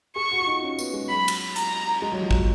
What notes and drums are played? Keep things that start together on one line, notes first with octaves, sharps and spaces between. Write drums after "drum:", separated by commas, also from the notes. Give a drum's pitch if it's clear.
G#4 C#6
F#4
F4
D#4
C#4
B3, drum: tambourine
G#3
F#3 B5
drum: cymbal
A#5, drum: hi-hat
G#3
F#3
F3
F#3, drum: kick